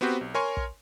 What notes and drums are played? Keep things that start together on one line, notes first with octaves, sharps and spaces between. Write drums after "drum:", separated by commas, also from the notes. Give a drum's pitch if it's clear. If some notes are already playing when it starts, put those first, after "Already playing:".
B3 C4 F#4 G4 B4 C5
B1
A#4 C#5 G#5 C6 C#6
drum: kick